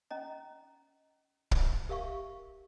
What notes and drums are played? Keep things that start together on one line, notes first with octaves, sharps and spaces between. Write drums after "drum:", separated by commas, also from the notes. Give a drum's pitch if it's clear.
C#4 D#5 A#5
drum: kick
G4 A#4 E5 F5 C#6